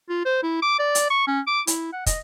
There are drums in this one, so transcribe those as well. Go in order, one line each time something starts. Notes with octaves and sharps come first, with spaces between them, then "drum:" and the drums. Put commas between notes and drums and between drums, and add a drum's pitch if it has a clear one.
F4
C5
E4
D6
D5
drum: hi-hat
C#6
C#4
D6
E4, drum: hi-hat
F#5
D#5, drum: kick, hi-hat